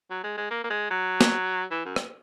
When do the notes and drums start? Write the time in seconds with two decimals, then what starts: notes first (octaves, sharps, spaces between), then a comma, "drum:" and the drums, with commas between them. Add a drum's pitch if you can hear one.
0.10 F#3
0.24 G#3
0.37 G#3
0.50 A#3
0.64 A#3
0.70 G#3
0.91 F#3
1.21 drum: snare
1.71 E3
1.85 F#2
1.96 drum: rim click